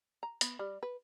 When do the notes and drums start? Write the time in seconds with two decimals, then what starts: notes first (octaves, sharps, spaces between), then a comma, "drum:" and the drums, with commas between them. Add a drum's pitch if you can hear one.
0.23 A#5
0.41 B3, drum: hi-hat
0.59 G3
0.83 B4